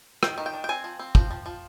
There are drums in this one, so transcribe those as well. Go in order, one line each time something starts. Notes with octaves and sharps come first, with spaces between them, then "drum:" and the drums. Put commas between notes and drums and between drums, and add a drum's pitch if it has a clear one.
D#3 G5, drum: rim click
D#3
G5
D4
G5
C4 G#5
F3
C4
F3 G5, drum: kick
F3
F3